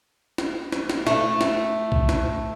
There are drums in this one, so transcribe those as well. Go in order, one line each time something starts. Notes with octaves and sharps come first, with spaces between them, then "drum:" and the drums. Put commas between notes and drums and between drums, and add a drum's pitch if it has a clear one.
drum: snare
drum: snare
drum: snare
A3, drum: snare
drum: snare
drum: kick A#1
drum: snare